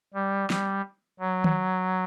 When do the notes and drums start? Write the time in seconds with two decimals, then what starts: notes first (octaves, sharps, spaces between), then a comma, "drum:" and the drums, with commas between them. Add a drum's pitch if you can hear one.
0.14 G3
0.50 G3, drum: snare
1.19 F#3
1.44 drum: tom D#3